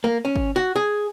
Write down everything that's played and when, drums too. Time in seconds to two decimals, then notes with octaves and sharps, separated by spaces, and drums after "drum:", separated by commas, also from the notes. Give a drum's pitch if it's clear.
0.04 A#3
0.25 C#4
0.36 drum: kick
0.56 F#4
0.76 G#4